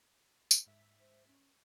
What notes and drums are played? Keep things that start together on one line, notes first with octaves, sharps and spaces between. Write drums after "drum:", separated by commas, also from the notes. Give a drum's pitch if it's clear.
drum: tambourine
G#2 E5 B6
C5
C#4